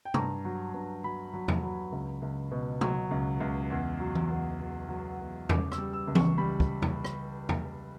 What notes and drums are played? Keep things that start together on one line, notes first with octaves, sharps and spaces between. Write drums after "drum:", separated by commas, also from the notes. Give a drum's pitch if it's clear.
G5
G2 A#5, drum: tom C3
F#3
G2
F#3 B5
F#3
drum: tom E2
F#3
C#2
C#2
B2
F#3, drum: tom C3
C#2
C#2
E2
F#3
drum: tom E3
E2
F#3
F#3
E2
C#3 D6, drum: tom E2
E6, drum: rim click
G3
E6
C#2
C#6, drum: tom E3
G3 B5
drum: kick
drum: tom E2
drum: rim click
drum: tom E2